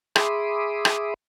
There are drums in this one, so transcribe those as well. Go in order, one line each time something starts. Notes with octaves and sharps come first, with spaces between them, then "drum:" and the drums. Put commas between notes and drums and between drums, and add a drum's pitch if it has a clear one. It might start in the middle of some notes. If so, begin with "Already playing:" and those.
G#4 E5 B5 C6 D6 D#6, drum: rim click
drum: rim click